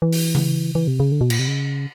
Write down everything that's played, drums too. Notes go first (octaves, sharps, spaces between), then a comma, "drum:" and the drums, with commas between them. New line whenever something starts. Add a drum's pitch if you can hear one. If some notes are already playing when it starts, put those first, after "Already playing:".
E3
drum: open hi-hat
drum: tom C#3
E3
C3
C#3
D3
B2
A#2, drum: cymbal
C3
C#3